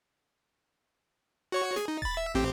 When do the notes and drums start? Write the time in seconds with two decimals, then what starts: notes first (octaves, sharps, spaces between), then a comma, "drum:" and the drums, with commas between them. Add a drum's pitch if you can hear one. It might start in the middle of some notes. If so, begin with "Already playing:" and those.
1.52 F#4 C#5 C#6
1.76 G#4, drum: snare
1.88 D#4
2.02 B5 A6, drum: kick D#1
2.17 E5
2.35 A1 C4 G4